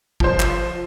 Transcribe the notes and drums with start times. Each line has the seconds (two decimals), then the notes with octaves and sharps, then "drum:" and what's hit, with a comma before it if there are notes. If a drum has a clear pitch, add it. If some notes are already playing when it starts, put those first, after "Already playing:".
0.20 F3 C5, drum: kick G1
0.40 drum: clap